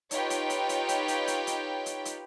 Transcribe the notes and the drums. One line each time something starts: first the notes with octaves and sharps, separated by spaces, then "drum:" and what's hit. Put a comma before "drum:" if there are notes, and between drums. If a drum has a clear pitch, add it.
D#4 F4 G4 B4 C#5 G5, drum: hi-hat
drum: hi-hat
drum: hi-hat
drum: hi-hat
drum: hi-hat
drum: hi-hat
drum: hi-hat
drum: hi-hat
drum: hi-hat
drum: hi-hat